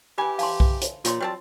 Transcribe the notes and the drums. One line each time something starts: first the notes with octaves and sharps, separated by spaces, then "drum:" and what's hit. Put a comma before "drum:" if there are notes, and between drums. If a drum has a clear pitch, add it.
E3 G4 G#5 B5
F5 A5 C6, drum: open hi-hat
drum: kick B1
drum: hi-hat
A#2 F4 C#5 C6, drum: hi-hat
F#3 G3 C4 A5